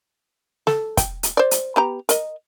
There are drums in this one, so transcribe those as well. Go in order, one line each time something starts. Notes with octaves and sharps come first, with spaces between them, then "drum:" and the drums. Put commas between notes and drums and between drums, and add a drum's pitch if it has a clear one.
A4, drum: snare
G5, drum: kick, hi-hat
drum: hi-hat
C5 D5
drum: hi-hat
B3 G4 A#5
A#4 D#5, drum: hi-hat